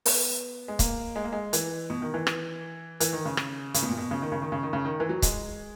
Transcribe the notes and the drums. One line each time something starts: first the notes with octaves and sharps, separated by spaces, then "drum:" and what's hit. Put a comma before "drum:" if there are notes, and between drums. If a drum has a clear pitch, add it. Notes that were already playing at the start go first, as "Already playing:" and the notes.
B3, drum: open hi-hat
G#3
A#3, drum: kick, hi-hat
G#3
A#3
G#3
E3, drum: hi-hat
B2
D#3
E3
drum: rim click
E3, drum: hi-hat
D#3
C#3
drum: rim click
C#3, drum: hi-hat
B2
A#2
B2
C#3
D#3
C#3
D#3
C#3
D#3
C#3
D#3
E3
F#3
G#3, drum: kick, hi-hat